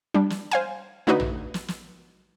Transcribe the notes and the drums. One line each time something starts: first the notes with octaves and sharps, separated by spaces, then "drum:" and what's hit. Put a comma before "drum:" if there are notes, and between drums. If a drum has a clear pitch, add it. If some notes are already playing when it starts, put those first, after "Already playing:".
G3 D4
drum: snare
C5 F5 G#5
D3 A3 D4 D#4 F#4 B4
drum: tom
drum: snare
drum: snare